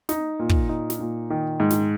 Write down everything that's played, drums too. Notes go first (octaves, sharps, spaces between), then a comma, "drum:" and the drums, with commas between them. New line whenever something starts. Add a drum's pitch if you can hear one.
D#4, drum: snare
A#2
drum: kick
D#4
drum: snare
A#2
D#3
G#2
drum: snare